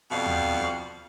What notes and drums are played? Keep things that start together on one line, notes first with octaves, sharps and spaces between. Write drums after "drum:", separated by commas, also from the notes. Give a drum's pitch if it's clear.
F2 B2 G3 F5
drum: tom D#2
drum: snare